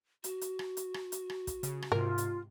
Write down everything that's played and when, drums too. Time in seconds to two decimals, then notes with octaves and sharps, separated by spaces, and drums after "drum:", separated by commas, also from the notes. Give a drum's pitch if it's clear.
0.24 F#4, drum: hi-hat
0.41 drum: hi-hat
0.59 drum: rim click
0.77 drum: hi-hat
0.94 drum: rim click
1.12 drum: hi-hat
1.30 drum: rim click
1.47 drum: kick, hi-hat
1.63 C#3, drum: hi-hat
1.82 drum: rim click
1.92 G#2 C3 F4 A#4
2.18 drum: hi-hat